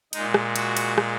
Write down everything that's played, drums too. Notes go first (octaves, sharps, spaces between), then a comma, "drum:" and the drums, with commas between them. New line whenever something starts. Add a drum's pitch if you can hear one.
A#2 G#3 D#4, drum: cymbal
drum: rim click
F#4, drum: cymbal
drum: cymbal
drum: rim click